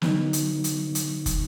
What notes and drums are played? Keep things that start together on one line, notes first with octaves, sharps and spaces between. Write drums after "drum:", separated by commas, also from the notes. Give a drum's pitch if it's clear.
D3 F#3 B3 D#4, drum: snare
drum: hi-hat
drum: hi-hat
drum: hi-hat
drum: kick, hi-hat